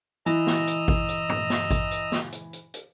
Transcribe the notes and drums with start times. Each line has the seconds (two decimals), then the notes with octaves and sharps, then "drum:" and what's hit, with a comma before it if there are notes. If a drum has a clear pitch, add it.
0.26 E3 D#5 A#5 E6, drum: hi-hat
0.47 drum: snare
0.67 drum: hi-hat
0.88 drum: kick G#1
1.09 drum: hi-hat
1.29 drum: tom
1.50 drum: snare
1.71 drum: kick G#1, hi-hat
1.91 drum: hi-hat
2.12 drum: snare
2.32 drum: hi-hat
2.53 drum: hi-hat
2.74 drum: hi-hat